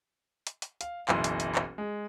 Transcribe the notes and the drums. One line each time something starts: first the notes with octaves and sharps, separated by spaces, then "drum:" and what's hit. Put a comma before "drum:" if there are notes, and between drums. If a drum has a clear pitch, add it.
drum: hi-hat
drum: hi-hat
F5, drum: hi-hat
F#1 B1 E3 C6, drum: clap
drum: hi-hat
drum: hi-hat
drum: clap
G#3